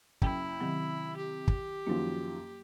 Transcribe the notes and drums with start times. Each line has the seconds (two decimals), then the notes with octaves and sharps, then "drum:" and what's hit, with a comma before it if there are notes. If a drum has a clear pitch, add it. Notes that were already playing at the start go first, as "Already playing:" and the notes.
0.22 F#1 E4 G5, drum: kick
0.60 C3 D#3 F#3
1.17 G4
1.48 drum: kick
1.87 F#2 D#3 F3 F#3 A#3